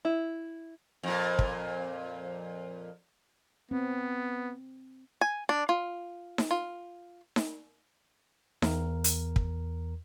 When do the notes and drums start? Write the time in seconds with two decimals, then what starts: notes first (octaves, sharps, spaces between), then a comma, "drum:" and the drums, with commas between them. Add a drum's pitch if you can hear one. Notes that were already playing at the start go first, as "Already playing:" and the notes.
0.05 E4
1.03 F2 A#2
1.39 drum: kick
3.71 B3 C4
5.21 G#5
5.49 D4
5.69 F4
6.38 drum: snare D#4
6.51 F4
7.36 drum: snare D#4
8.62 E2 A#4, drum: snare D#4
9.04 drum: hi-hat
9.36 drum: kick